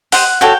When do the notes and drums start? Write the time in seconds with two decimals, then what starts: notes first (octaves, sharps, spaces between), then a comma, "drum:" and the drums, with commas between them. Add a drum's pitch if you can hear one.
0.12 G4 C5 D#5 F#5, drum: open hi-hat
0.41 F#4 A4 C#5 G5